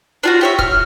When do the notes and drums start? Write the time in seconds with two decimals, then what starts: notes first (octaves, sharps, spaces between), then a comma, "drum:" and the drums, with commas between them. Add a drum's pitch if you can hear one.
0.23 D4 F4 F#4
0.41 G4 C#5 E5
0.59 F6, drum: kick D#1